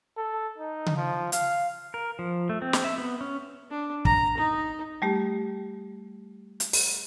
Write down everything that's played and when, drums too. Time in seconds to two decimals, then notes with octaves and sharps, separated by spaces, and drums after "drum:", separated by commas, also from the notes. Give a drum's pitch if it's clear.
0.17 A4
0.58 D#4
0.86 drum: tom C#3
0.96 F3
1.32 F5, drum: hi-hat
1.94 A#4
2.19 F3
2.49 A3
2.62 C4
2.73 drum: snare
2.84 E5
2.98 B3
3.21 C#4
3.71 D4
4.05 A#5, drum: kick
4.38 D#4
5.02 G3 A3 G4
6.60 drum: hi-hat
6.73 drum: open hi-hat